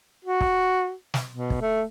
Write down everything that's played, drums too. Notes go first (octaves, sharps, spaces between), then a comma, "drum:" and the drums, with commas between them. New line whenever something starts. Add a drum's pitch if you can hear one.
F#4
drum: kick
drum: snare
B2
drum: kick
A3